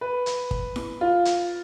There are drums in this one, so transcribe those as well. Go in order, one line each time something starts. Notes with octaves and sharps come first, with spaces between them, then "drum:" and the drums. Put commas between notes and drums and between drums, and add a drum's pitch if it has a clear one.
B4
drum: hi-hat
drum: kick
drum: snare E4
F4
drum: hi-hat